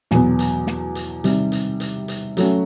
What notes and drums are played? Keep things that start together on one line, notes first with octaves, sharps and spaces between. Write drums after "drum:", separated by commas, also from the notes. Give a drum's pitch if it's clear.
E2 B2 F#3 B3, drum: snare
drum: hi-hat
drum: snare
drum: hi-hat
C3 D#3 G3, drum: hi-hat
drum: hi-hat
drum: hi-hat
drum: hi-hat
F#3 A3 C#4 F#4, drum: hi-hat